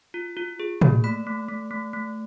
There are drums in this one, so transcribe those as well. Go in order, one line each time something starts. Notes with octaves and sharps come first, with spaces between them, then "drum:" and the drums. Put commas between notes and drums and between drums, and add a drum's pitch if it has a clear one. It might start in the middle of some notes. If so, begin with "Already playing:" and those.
F4
F4
G#4
A#3, drum: tom
A3 B5
A3
A3
A3
A3